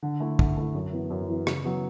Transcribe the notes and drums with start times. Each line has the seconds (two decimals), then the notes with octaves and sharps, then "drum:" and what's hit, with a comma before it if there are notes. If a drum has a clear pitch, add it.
0.03 D3
0.20 A3 E4
0.39 D3, drum: kick
0.57 A3 E4
0.74 F#2
0.92 E3 B3
1.10 F#2
1.28 E3 B3
1.47 C#3, drum: rim click
1.64 F#3 B3 E4